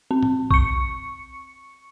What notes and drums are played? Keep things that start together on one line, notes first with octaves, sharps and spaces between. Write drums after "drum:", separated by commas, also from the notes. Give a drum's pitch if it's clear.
C4
drum: tom A2
C#6 C#7, drum: kick